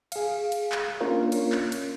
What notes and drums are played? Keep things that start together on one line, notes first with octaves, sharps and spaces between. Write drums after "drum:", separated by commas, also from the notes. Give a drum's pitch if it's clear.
G#4 F5, drum: cymbal
drum: cymbal
drum: clap
A#3 C#4 D4 F4 A#4 C#5
drum: cymbal
drum: clap
drum: cymbal